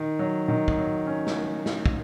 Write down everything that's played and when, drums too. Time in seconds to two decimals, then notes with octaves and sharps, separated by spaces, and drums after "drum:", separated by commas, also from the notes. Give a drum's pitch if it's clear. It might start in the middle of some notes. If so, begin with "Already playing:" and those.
Already playing: D#3
0.19 F#3
0.48 D#3
0.68 drum: kick
0.78 F#3
1.07 C#4
1.27 drum: snare
1.66 drum: snare
1.86 drum: kick